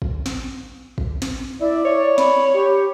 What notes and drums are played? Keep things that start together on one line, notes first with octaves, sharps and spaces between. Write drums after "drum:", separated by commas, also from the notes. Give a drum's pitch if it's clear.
drum: kick
drum: snare
drum: kick
drum: snare
E4 D5
C#5
B5, drum: snare
G4